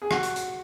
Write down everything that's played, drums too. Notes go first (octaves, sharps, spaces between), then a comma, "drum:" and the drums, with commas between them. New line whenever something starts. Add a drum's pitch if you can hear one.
G#4
F#4, drum: rim click
drum: hi-hat
drum: hi-hat